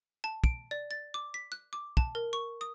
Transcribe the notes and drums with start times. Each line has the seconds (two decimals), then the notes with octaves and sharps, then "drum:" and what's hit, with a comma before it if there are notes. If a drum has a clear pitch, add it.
0.24 A5
0.44 D7, drum: kick
0.71 D5
0.91 A6
1.14 D6
1.34 B6
1.52 F#6
1.73 D6
1.97 A5, drum: kick
2.15 A#4
2.33 C#6
2.61 D#6